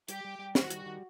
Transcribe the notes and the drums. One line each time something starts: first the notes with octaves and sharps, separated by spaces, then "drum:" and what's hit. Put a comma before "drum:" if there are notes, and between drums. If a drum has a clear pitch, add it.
G3 G4, drum: hi-hat
G3
G3
D#3 F#4, drum: snare
G3, drum: hi-hat
D#3